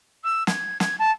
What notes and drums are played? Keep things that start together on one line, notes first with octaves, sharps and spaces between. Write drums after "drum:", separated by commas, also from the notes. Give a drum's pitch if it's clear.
E6
G#6, drum: snare
G#6, drum: snare
A5